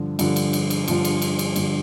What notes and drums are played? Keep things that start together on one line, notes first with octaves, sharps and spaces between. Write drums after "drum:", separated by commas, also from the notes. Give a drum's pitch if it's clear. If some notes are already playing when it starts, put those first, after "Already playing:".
Already playing: G2 D3 F3
G2 D3 F3, drum: cymbal
drum: cymbal
drum: cymbal
drum: cymbal
G2 D3 F3, drum: cymbal
drum: cymbal
drum: cymbal
drum: cymbal
G2 D3 F3, drum: cymbal